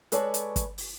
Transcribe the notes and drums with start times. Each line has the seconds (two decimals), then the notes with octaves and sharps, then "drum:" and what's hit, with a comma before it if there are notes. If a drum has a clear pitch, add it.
0.12 G#3 A4 B4 C#5 D5, drum: hi-hat
0.34 drum: hi-hat
0.56 drum: kick, hi-hat
0.78 drum: open hi-hat